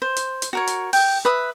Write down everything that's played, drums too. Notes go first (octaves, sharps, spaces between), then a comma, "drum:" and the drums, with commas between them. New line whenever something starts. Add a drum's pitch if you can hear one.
C5
drum: hi-hat
drum: hi-hat
F#4 A#4 C#5
drum: hi-hat
G5, drum: open hi-hat
B4 E5 D#6